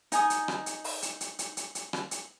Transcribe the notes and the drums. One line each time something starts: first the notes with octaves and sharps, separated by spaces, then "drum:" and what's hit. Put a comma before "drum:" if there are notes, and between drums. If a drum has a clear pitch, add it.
D#4 G#5 D#6, drum: hi-hat
drum: hi-hat
drum: rim click
drum: hi-hat
drum: open hi-hat
drum: hi-hat
drum: hi-hat
drum: hi-hat
drum: hi-hat
drum: hi-hat
drum: rim click
drum: hi-hat